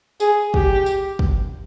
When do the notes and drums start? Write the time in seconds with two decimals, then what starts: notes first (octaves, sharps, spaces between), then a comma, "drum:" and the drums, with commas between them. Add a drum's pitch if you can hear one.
0.20 G#4, drum: tambourine
0.54 G4, drum: kick
0.86 drum: tambourine
1.19 drum: kick